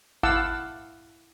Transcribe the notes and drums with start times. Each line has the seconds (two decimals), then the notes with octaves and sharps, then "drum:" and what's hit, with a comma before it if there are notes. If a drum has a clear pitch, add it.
0.23 E4 F5 F#5 A5 D6 E6, drum: kick G#1